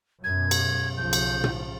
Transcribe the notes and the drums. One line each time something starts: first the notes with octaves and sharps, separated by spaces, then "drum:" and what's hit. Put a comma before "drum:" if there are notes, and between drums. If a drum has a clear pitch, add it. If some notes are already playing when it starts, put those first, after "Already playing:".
F#2 B2 G#6
drum: cymbal
B1 C#3 F3 G6
drum: cymbal
drum: tom